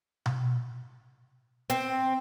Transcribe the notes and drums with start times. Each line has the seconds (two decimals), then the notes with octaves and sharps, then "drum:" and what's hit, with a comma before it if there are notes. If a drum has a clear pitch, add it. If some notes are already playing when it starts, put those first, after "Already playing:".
0.26 drum: tom B2
1.70 C4, drum: hi-hat